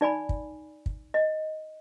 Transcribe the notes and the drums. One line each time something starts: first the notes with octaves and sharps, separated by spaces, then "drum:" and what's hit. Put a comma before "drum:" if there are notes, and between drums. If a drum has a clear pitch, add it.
D#4 D5 G#5 B5
drum: kick
drum: kick
D#5